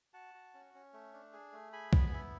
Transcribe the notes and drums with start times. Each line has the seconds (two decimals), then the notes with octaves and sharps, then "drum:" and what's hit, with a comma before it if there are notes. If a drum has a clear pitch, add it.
0.13 F#4 F#5 A5
0.34 F#4
0.54 C#4
0.74 C#4
0.93 A3
1.13 D4
1.33 G#4
1.52 A3
1.72 G#4 G#5 B5
1.93 B3, drum: kick B1
2.13 E4